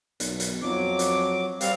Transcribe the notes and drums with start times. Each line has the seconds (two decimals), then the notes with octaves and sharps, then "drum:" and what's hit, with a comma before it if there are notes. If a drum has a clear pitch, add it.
0.20 B1, drum: hi-hat
0.40 drum: hi-hat
0.62 F2 F#3 D6
0.99 drum: hi-hat
1.61 G3 C4 F5, drum: hi-hat